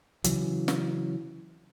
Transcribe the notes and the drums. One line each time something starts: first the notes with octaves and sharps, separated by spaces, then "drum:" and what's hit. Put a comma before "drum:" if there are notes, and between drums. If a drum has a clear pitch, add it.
C#3 E3 F#3, drum: hi-hat
drum: snare